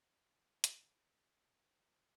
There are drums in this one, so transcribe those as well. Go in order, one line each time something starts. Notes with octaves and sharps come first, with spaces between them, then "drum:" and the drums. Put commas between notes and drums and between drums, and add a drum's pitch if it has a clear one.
A2 C3
A#2
A2
A#2
E2 A2 C3, drum: hi-hat
A#2 D3
A#2 D3
E3 G3
E3 G3
F2 E3 G3
D3 F3